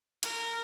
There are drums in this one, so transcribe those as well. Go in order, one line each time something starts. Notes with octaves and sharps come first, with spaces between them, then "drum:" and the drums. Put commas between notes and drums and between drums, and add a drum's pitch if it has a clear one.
A#4, drum: hi-hat